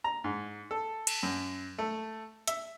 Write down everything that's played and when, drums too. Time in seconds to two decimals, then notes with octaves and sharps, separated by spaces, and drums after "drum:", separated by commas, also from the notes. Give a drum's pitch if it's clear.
0.04 A#5
0.24 G#2
0.71 A4
1.07 drum: cymbal
1.23 F#2
1.79 A3
2.47 E5, drum: hi-hat